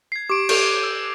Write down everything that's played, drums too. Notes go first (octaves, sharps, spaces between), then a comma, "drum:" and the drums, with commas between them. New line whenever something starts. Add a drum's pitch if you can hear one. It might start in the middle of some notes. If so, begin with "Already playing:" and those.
G#6 C7
G4 D6 D7
G4 A4 G6 D7 F7, drum: cymbal
E6